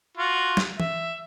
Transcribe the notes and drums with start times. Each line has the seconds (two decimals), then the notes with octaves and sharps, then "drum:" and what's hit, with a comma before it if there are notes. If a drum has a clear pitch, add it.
0.17 F4 F#4
0.57 drum: snare
0.80 E5, drum: tom E3